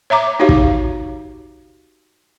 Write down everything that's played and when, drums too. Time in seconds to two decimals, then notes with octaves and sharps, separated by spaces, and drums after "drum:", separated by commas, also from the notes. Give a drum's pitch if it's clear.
0.10 C#5 E5 A#5 D6
0.39 D#4 F#4 G4 C#5 F5
0.49 drum: kick